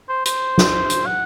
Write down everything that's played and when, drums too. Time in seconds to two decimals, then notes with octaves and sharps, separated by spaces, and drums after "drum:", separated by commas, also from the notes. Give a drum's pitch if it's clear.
0.09 C5
0.25 C5, drum: hi-hat
0.58 drum: snare
0.90 drum: hi-hat
1.06 F#5